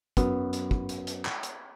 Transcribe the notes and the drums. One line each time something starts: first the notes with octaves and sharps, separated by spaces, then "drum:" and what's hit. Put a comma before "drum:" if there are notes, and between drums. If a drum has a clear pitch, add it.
F#2 B3, drum: kick, hi-hat
drum: hi-hat
drum: kick
drum: hi-hat
drum: hi-hat
drum: clap
drum: hi-hat